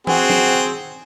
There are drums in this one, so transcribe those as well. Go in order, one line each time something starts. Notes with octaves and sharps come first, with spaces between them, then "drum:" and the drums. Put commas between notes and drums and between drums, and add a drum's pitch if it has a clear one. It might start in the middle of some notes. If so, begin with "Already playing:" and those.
C4 F#4 G#4, drum: tom
drum: snare